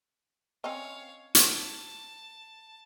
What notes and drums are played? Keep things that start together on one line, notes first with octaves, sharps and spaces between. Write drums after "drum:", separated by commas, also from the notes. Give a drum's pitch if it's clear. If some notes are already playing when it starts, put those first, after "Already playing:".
C4 C#4 C#5 D#5 F5
A5, drum: hi-hat